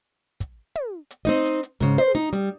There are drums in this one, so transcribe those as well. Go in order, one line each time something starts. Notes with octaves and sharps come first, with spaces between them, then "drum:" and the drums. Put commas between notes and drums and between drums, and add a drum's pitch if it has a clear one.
drum: kick, hi-hat
drum: tom
drum: hi-hat
C4 D#4 D#5, drum: hi-hat
drum: hi-hat
drum: hi-hat
G#2 C#3, drum: kick, hi-hat
C5, drum: tom
D#4
G3, drum: hi-hat